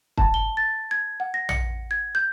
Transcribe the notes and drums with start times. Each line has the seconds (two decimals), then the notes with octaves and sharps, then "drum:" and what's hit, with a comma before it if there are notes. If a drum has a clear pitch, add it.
0.18 A5, drum: kick
0.34 G7
0.57 A6
0.91 G#6
1.20 F#5
1.34 A#6
1.49 C#7, drum: tom A#1
1.91 G#6
2.15 G6